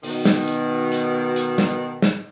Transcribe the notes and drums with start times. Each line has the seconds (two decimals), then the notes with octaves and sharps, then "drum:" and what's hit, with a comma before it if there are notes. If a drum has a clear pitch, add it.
0.03 B2 D#3, drum: open hi-hat
0.25 drum: snare
0.48 drum: hi-hat
0.92 drum: hi-hat
1.36 drum: hi-hat
1.58 drum: snare
2.02 drum: snare